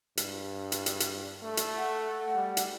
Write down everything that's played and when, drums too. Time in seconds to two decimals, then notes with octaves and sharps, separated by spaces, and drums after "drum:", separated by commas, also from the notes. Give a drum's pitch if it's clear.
0.17 G2, drum: hi-hat
0.72 drum: hi-hat
0.86 drum: hi-hat
1.00 drum: hi-hat
1.43 A3
1.57 drum: hi-hat
1.77 F#5
2.35 G3
2.57 drum: hi-hat